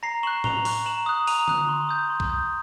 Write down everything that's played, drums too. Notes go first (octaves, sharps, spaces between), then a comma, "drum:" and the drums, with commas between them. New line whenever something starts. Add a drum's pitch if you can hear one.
A#5 A#6 C7
C#6 F#6 E7 F#7
A#5 F7 G7, drum: tom A2
C#6 F#6, drum: open hi-hat
A#5 E7 F#7
D#6 F#6
A#5 D#7 F7, drum: open hi-hat
D#6 F#6, drum: tom D3
C6
D#6 G6
C6
drum: kick C2
D#6 G6